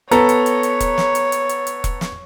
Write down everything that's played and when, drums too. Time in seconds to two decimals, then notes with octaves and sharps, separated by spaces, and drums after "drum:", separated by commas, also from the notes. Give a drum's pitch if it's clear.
0.11 B3 A4 C#5 A#5, drum: hi-hat
0.29 drum: hi-hat
0.46 drum: hi-hat
0.63 drum: hi-hat
0.80 drum: kick E1, hi-hat
0.98 drum: snare
1.15 drum: hi-hat
1.32 drum: hi-hat
1.49 drum: hi-hat
1.67 drum: hi-hat
1.84 drum: kick E1, hi-hat
2.01 drum: snare